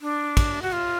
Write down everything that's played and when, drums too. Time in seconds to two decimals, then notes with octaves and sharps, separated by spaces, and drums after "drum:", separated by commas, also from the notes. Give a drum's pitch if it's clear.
0.01 D4
0.37 drum: kick, cymbal
0.62 F#4
0.72 F4